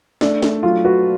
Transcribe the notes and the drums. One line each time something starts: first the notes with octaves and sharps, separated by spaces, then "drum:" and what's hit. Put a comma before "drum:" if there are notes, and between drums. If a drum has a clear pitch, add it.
A3 D4, drum: snare
A3, drum: snare
F#3 F4
F#4 B4